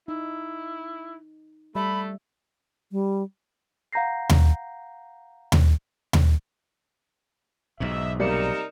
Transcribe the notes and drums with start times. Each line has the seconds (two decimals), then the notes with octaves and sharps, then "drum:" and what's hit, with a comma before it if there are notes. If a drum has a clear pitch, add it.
0.08 D#4 E4
1.75 G3 A3 E5 B5
2.92 G3
3.93 F5 F#5 A#5 G6 A#6 C7
4.29 drum: tom D#2
5.52 drum: tom D#2
6.13 drum: tom D#2
7.80 B1 G#2 D#5 E5
8.20 C3 G3 A#3 D#4 A#4 D5 C#7 E7